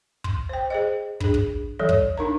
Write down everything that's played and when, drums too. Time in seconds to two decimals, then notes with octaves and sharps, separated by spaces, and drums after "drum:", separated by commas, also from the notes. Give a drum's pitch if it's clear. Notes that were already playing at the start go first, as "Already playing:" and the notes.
0.24 C6, drum: kick
0.49 C5 G5
0.70 G#4 C5 D#5
1.20 D4 G#4, drum: kick
1.34 drum: kick
1.79 E3 G3 A4 C#5
1.89 drum: kick
2.18 D4 D#4 A#4 A#5